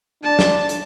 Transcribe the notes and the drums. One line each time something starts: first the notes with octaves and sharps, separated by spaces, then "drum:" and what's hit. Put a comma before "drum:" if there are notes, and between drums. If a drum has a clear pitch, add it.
D4 A5
drum: snare
drum: hi-hat